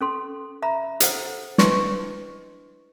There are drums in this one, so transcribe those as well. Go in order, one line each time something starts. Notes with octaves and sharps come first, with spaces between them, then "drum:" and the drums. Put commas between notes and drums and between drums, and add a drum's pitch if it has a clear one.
C#4 A4 C6
E5 A#5 B5
A4 C5 F#5, drum: hi-hat
D4 E4 B4 D#5 C6 C#6, drum: snare